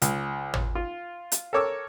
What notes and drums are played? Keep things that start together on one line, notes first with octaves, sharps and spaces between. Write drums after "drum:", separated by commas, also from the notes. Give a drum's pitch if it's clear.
C#2, drum: hi-hat
drum: tom
F4
drum: hi-hat
A4 A#4 C#5 D6 E6